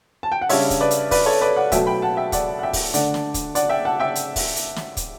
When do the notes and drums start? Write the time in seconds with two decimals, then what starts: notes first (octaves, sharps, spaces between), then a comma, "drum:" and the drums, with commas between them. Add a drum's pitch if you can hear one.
0.23 A5
0.32 G5
0.42 F#5
0.49 C#3 G3 D4 C#5 E5, drum: open hi-hat
0.70 drum: kick, hi-hat
0.81 B4 D5
0.91 drum: hi-hat
1.11 B4 D5, drum: kick, open hi-hat
1.26 A4 C#5
1.41 B4 D5
1.56 D5 F#5
1.72 B2 F#3 A3 E5 G5, drum: kick, hi-hat
1.87 G5 B5
2.02 F#5 A5
2.17 E5 G5
2.32 D5 F#5, drum: kick, hi-hat
2.59 F#5
2.63 E5 G5
2.73 drum: kick, open hi-hat
2.94 D3 A3 D4 D5 F#5, drum: hi-hat
3.14 drum: snare
3.34 drum: kick, hi-hat
3.55 D5 F#5, drum: hi-hat
3.69 E5 G5
3.85 F#5 A5
4.00 E5 G5
4.15 drum: hi-hat
4.36 drum: kick, open hi-hat
4.56 drum: hi-hat
4.76 drum: snare
4.97 drum: kick, hi-hat